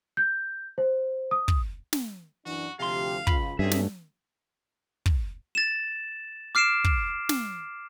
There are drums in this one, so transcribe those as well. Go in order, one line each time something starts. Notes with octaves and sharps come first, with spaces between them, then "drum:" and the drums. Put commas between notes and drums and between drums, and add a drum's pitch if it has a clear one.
G6
C5
D#6
drum: kick
drum: snare
F#2 E3 D4 F#4
D2 C3 F3 G4 F5 C6
C#2 F4 B5, drum: kick
G2 F#3 C4 C#4 G#4 A4 E5
drum: snare
drum: kick
A6 E7
D6 F6 C7 D7 E7
drum: kick
drum: snare